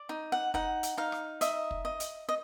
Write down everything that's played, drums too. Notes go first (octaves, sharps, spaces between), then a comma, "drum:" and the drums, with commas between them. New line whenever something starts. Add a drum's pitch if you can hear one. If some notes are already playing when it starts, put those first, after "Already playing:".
Already playing: D5
D#4
F#5
D#4 F#5, drum: kick
drum: hi-hat
D#4 F5
drum: rim click
D#5 E5, drum: hi-hat
drum: kick
D#5
drum: hi-hat
D#5